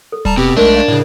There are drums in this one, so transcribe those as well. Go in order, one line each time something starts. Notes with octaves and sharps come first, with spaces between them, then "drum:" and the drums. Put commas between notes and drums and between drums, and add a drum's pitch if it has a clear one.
A4
G3 A5 A#5, drum: kick D#1
B2 C4 G4
B1 G#3 A3 D4 A#4 D5
D5 F5 C#6
A2 C#3 D5 E5